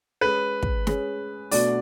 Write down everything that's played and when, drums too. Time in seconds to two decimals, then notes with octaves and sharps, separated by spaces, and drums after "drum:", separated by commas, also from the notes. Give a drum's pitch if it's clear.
0.21 G#3 C#4 G#4 B4
0.63 drum: kick
0.87 G#3 C#4 G#4, drum: snare
1.51 B2 A3 D4 F#4 D5, drum: open hi-hat